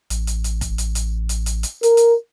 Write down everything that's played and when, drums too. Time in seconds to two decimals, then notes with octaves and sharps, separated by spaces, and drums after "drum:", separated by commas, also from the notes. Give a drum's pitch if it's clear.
0.10 A1, drum: hi-hat
0.27 drum: hi-hat
0.44 drum: hi-hat
0.61 drum: kick F1, hi-hat
0.78 drum: hi-hat
0.95 drum: hi-hat
1.29 drum: hi-hat
1.46 drum: hi-hat
1.63 drum: hi-hat
1.83 A#4, drum: hi-hat
1.97 drum: hi-hat